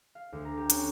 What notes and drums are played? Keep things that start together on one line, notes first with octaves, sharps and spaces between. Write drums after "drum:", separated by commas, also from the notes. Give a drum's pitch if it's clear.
F5
D2
A#5
G4
C#4, drum: hi-hat